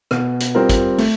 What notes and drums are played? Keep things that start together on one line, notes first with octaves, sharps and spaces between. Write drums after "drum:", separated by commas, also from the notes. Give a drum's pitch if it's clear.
B2, drum: rim click
drum: hi-hat
G3 C4 F4 A#4
drum: kick, hi-hat
A3, drum: open hi-hat